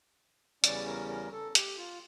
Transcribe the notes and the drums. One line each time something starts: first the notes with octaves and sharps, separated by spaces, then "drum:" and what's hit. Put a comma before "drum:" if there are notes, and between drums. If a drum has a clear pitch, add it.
E2 C#3 E3 G3 C#4 D5, drum: hi-hat
A#4
A#4
A4
G4, drum: hi-hat
F4